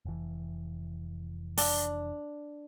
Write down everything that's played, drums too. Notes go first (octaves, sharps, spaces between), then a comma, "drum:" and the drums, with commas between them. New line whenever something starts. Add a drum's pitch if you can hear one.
F1 E3
D4, drum: open hi-hat